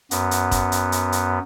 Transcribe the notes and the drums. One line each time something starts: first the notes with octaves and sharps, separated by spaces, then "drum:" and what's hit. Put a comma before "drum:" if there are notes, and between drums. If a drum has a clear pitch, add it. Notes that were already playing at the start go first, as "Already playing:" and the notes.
F#2 B3, drum: hi-hat
drum: hi-hat
drum: kick, hi-hat
drum: hi-hat
drum: hi-hat
drum: hi-hat